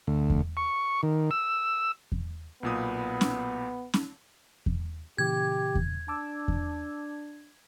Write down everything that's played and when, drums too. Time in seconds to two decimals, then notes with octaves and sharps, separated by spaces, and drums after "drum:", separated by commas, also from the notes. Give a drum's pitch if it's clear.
0.07 D2
0.30 drum: kick E2
0.57 C#6
1.03 D#3
1.31 E6
2.12 drum: kick E2
2.63 B1 A#2 B3 D#6
3.21 drum: snare C#4
3.94 drum: snare C#4
4.66 drum: kick E2
5.18 A#2 C#3 E3 G4 G#6
5.75 drum: kick E2
6.08 D4 A5 D6 E6
6.48 drum: kick E2